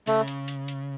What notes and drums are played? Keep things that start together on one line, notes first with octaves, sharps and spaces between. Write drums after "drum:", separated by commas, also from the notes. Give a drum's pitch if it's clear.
C#3 A3, drum: hi-hat
drum: hi-hat
drum: hi-hat
drum: hi-hat